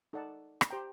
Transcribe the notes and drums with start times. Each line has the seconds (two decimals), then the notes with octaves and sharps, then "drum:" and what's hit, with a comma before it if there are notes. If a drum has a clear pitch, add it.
0.13 D#4 A4 D5 F#5 A5
0.61 drum: rim click
0.70 G4 C5 G5 A#5